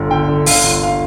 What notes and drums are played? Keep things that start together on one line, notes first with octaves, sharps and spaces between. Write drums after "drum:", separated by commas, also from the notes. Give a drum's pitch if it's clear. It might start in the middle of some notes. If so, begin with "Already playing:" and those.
Already playing: G1 D3
D3 G5
D3
D3 F5, drum: open hi-hat
G1
F5